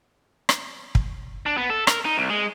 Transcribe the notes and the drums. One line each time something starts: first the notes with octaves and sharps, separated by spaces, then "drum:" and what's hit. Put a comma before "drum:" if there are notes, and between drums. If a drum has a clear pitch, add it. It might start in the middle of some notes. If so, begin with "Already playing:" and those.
drum: rim click
drum: kick
D4
B3
A4
A#4, drum: rim click
D#4
C2
G#3